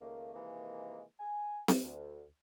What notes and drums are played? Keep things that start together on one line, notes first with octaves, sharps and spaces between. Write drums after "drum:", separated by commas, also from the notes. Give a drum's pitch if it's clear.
C#2 D#3 A3 A#3
C3 D#3 E3 G#3 A#3
G#5
drum: snare C4
D2